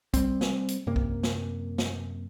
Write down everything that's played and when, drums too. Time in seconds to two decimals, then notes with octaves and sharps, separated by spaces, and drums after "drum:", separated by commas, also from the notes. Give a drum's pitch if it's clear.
0.14 G3 C4, drum: kick, hi-hat
0.41 drum: snare
0.69 drum: hi-hat
0.87 F#2 C3 A#3
0.96 drum: kick
1.23 drum: snare
1.78 drum: snare